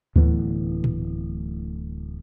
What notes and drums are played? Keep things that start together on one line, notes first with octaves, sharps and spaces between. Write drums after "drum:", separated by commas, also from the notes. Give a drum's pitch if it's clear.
D1 A2 E3 B3, drum: kick D2
drum: tom A#2